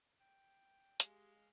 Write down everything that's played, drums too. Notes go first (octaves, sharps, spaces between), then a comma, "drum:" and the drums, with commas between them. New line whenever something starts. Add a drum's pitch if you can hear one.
G5
G#3 G4 F5, drum: hi-hat